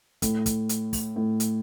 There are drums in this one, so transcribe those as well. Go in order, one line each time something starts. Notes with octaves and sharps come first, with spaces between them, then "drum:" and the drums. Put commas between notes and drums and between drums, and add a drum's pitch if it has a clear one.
A2, drum: kick, hi-hat
drum: kick, hi-hat
drum: hi-hat
drum: kick, open hi-hat
A2
drum: hi-hat